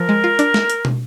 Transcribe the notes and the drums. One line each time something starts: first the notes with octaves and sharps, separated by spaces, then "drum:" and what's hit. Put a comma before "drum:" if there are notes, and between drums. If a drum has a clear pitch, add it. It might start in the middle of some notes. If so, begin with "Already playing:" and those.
Already playing: F3 A#4
G#3
F4
D4, drum: hi-hat
drum: snare
drum: hi-hat
drum: tom